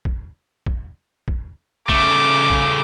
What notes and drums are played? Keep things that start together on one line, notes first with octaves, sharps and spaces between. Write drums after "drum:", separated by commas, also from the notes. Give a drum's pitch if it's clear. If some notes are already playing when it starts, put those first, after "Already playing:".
drum: kick
drum: kick
drum: kick
C#3 A3 D6, drum: kick
drum: kick